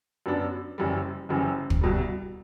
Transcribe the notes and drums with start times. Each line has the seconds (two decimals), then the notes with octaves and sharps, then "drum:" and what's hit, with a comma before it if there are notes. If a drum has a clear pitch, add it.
0.26 F#2 F#3 B3 D4 F#4
0.78 F#1 F#2 E3 G3
1.29 F#1 F#2 E3 G3
1.70 drum: kick
1.81 C2 B2 G3